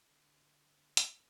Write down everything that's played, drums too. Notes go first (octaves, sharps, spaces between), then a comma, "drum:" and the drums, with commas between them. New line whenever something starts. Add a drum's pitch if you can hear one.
D3
drum: hi-hat